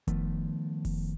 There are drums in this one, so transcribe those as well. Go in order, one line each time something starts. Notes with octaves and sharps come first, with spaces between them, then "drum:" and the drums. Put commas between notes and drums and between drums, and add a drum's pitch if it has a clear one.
D#3 F3 A3 B3, drum: kick F1, hi-hat
drum: kick F1, open hi-hat